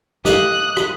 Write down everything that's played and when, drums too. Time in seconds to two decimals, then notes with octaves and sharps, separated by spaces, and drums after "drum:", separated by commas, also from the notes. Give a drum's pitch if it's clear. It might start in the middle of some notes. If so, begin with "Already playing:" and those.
0.25 G4 D#5 F5 D#6 F#6, drum: snare
0.77 drum: rim click